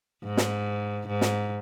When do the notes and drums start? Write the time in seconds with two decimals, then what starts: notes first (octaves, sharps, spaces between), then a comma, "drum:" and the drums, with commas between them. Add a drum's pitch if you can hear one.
0.24 G#2
0.37 drum: snare
1.08 G#2
1.21 drum: snare